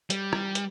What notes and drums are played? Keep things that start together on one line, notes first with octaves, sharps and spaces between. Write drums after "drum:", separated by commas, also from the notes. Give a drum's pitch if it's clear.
G3, drum: hi-hat
drum: rim click
drum: hi-hat